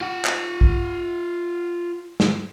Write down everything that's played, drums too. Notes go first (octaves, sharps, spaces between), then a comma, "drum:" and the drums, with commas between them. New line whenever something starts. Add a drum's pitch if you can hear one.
F4 F#5
drum: clap
drum: kick
drum: snare